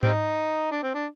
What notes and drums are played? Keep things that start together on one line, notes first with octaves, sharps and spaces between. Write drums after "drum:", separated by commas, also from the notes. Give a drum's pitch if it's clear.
G3 C4 D#4, drum: tom G#2
D4
C4
D4